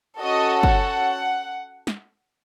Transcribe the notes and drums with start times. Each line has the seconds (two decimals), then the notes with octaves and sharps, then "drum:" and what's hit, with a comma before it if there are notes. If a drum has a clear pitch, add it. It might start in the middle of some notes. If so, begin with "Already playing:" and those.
0.20 C#4 F#4 A4 D#5
0.63 F#5, drum: kick
1.87 drum: snare